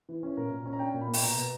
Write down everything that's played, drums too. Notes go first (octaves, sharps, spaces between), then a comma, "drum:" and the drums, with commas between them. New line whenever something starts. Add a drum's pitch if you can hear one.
E3
C#4
A#2 A#4
A#2
C#4
A#5
D4 G5
A#2
B5
A#3
G5, drum: open hi-hat
B2 A#5
B2